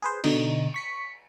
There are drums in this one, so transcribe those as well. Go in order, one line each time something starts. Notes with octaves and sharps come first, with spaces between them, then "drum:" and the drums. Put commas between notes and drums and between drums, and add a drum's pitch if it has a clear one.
G#4 B4 C5
B2 D3 D#4, drum: cymbal
C#6 B6 C#7